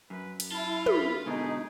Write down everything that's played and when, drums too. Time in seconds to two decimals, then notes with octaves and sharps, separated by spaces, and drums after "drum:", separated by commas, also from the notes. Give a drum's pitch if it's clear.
0.10 F#2 B4
0.40 drum: cymbal
0.52 E4 F4 A5
0.86 B5, drum: tom
1.26 G#2 B2 D3 D#4 G#4